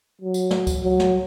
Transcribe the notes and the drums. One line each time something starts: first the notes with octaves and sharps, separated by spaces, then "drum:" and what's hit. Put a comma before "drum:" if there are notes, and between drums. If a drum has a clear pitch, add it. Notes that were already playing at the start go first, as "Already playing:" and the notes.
F#3
drum: tambourine
drum: snare
drum: kick C#2, tambourine
F#3
drum: snare